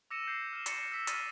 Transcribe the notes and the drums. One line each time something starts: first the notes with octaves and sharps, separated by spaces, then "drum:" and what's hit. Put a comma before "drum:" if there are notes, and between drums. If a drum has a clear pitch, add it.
D6 E6 A#6 C#7 D#7 E7
G6 C7
F6 E7
A6 C#7 E7, drum: hi-hat
E6 B6 E7
D#6 F6 A6 B6 C#7 D#7, drum: hi-hat